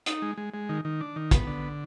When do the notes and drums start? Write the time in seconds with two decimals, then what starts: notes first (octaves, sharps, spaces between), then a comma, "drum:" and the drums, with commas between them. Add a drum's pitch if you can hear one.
0.06 D#4, drum: hi-hat
0.22 G#3
0.38 G#3
0.54 G#3
0.69 D#3
0.85 D#3
1.01 D4
1.16 D#3
1.31 B3, drum: kick, hi-hat
1.47 D3